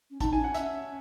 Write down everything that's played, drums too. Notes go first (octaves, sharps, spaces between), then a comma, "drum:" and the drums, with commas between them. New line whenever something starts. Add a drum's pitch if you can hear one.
C#4
D#4 A5, drum: kick, hi-hat
D#4 G#5
C#4
F#5
C#4 E5, drum: hi-hat